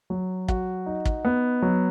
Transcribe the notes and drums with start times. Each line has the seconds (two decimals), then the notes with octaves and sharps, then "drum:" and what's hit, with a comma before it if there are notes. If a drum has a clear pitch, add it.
0.10 F#3
0.48 F#4, drum: kick
0.86 D#4
1.05 drum: kick
1.25 B3
1.62 F#3